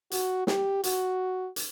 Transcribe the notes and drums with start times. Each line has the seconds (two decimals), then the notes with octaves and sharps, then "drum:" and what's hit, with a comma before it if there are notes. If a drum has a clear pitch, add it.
0.11 F#4, drum: hi-hat
0.47 G4, drum: snare
0.83 F#4, drum: hi-hat
1.56 drum: hi-hat